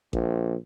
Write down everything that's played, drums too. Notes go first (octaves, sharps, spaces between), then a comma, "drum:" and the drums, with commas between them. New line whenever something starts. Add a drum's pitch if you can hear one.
A#1, drum: kick A1